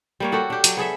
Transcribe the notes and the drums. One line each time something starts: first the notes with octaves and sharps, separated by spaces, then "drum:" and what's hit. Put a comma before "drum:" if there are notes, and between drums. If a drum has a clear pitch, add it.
G3 A#3 C#5
F#4 G4 A4 F#5
D4 G4
F#3, drum: hi-hat
B3 G#4 A4 E5